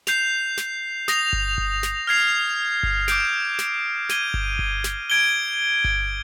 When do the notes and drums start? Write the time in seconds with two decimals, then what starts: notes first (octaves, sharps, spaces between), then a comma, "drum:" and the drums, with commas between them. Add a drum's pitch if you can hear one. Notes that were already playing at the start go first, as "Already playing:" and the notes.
0.07 G6 C7 F7, drum: snare
0.57 drum: snare
1.08 D#6 A#6 F7, drum: snare
1.33 drum: kick G1
1.58 drum: kick G1
1.83 drum: snare
2.07 F6 G#6 C7 F7
2.83 drum: kick G1
3.08 D6 G6 D7, drum: snare
3.59 drum: snare
4.09 G#6 D#7 G7, drum: snare
4.34 drum: kick G1
4.59 drum: kick G1
4.84 drum: snare
5.10 G#6 D7 G7
5.84 drum: kick G1